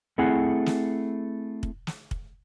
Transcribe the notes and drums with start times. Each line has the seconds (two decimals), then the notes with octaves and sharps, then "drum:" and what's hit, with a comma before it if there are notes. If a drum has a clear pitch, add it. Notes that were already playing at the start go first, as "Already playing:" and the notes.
0.18 A3 C4 E4 G#4 F#5 G#5
0.66 drum: snare
1.63 drum: kick
1.87 drum: snare
2.11 drum: kick